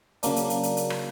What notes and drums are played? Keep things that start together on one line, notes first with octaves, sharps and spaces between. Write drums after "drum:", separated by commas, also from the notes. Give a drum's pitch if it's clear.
C#3 F#3 A#3 D4, drum: hi-hat
drum: hi-hat
drum: hi-hat
drum: hi-hat
drum: hi-hat
drum: rim click